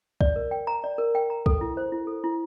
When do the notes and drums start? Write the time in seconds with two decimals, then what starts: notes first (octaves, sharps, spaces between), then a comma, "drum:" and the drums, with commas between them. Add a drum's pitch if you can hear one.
0.21 D5, drum: kick
0.36 A#4
0.51 G5
0.67 A#5
0.84 D5
0.98 A#4
1.15 G5
1.30 A#5
1.46 A4, drum: kick
1.61 E4
1.77 C5
1.92 E4
2.07 A4
2.24 E4